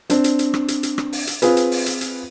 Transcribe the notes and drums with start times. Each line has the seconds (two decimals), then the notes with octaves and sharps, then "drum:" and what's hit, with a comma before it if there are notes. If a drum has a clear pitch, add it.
0.10 C4 D4, drum: hi-hat
0.24 drum: hi-hat
0.39 drum: hi-hat
0.54 drum: rim click
0.68 drum: hi-hat
0.83 drum: hi-hat
0.98 drum: rim click
1.13 drum: open hi-hat
1.27 drum: hi-hat
1.42 C4 F4 G#4 B4, drum: hi-hat
1.57 drum: hi-hat
1.71 drum: open hi-hat
1.86 drum: hi-hat
2.01 drum: hi-hat